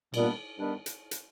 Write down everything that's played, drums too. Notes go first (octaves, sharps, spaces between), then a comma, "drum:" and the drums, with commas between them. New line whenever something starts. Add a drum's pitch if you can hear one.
G2 A#2 D#3 G3 B3 D4, drum: cymbal
G2 D#3 G3 B3 D4
drum: hi-hat
drum: hi-hat